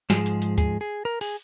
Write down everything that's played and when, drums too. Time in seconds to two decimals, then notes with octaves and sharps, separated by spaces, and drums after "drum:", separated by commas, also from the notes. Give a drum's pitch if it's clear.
0.10 G#2 F3 G#3 G#4, drum: snare
0.26 drum: hi-hat
0.42 drum: hi-hat
0.58 G#4, drum: kick D2, hi-hat
0.81 G#4
1.05 A#4
1.21 G#4, drum: open hi-hat